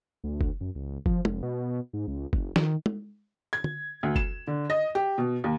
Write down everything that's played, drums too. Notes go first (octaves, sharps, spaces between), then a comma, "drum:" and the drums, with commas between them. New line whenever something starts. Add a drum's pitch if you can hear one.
D2
drum: kick F#1
F#2
C#2
F3, drum: kick F#1
F1, drum: tom
B2
G#2
C#2
F#1, drum: kick F#1
D#3, drum: snare
drum: tom
G#6
drum: tom
D2
E7, drum: kick F#1
D3
D#5
G4
B2
D#2